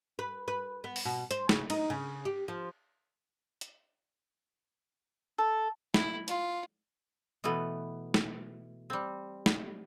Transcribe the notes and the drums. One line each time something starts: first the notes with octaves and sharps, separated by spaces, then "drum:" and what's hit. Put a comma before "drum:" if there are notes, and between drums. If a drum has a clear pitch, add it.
B4
B4
B3
drum: open hi-hat
B2
C5, drum: hi-hat
C#3, drum: snare
D#4, drum: cymbal
C#3
G4
F3
drum: hi-hat
A4
E4, drum: snare
F4, drum: hi-hat
B2 E3 A3 B3
drum: snare
G3 C4
drum: snare